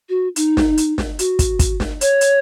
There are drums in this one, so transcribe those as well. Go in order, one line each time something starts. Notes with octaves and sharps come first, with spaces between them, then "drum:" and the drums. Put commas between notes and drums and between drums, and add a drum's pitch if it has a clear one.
F#4
D#4, drum: hi-hat
drum: snare
drum: hi-hat
drum: snare
F#4, drum: hi-hat
drum: kick, hi-hat
drum: kick, hi-hat
drum: snare
C#5, drum: hi-hat
drum: hi-hat